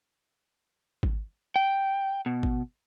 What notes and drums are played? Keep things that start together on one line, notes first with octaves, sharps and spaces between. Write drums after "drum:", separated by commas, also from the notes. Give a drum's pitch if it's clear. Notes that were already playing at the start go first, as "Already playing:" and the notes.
drum: kick G#1
G5
B2
drum: kick G#1